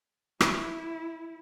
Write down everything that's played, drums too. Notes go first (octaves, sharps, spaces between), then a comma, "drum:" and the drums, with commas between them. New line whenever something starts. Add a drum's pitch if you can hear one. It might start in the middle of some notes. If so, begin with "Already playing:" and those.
E4, drum: rim click